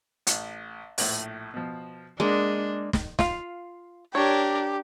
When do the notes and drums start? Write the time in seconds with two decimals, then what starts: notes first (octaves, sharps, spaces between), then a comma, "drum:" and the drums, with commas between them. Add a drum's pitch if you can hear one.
0.27 A1, drum: hi-hat
0.98 A#1 A2, drum: open hi-hat
1.54 B2 F3
2.20 G#3 A#3 D4
2.93 drum: snare
3.19 F4 F5, drum: snare
4.15 D4 G4 A#4 C#5